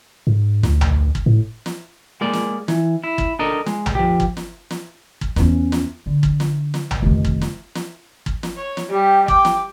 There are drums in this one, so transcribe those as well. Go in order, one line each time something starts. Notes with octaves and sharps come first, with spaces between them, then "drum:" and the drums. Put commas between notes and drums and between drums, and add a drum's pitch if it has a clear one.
G#2
D2, drum: snare
drum: tom A#1
drum: kick
A2
drum: snare
G#3 A#3 D5
drum: snare
E3, drum: snare
E4
drum: kick
D4 A4 A#4 D#5
G#3, drum: snare
drum: tom A#1
F3 G4
drum: kick
drum: snare
drum: snare
drum: kick
E2 C#4, drum: snare
drum: snare
D3
drum: kick
drum: snare
drum: snare
drum: tom A#1
F1 D#3
drum: kick
drum: snare
drum: snare
drum: kick
drum: snare
C#5
drum: snare
G3 G4
G5 D6, drum: kick
drum: snare